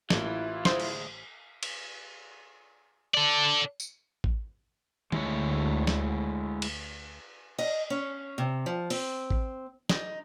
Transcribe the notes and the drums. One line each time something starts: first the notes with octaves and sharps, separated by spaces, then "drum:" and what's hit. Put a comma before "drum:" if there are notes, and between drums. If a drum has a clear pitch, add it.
A1 E3 A#3 E4 F4, drum: snare
D2 G#3 C5, drum: snare
drum: cymbal
drum: cymbal
A4 D5
drum: tambourine
drum: kick A1
D2 G#3 E4 C#5, drum: tom
drum: snare
drum: cymbal
D#5, drum: cymbal
C#4
C3
F3
C4, drum: open hi-hat
drum: kick A1
D#4, drum: snare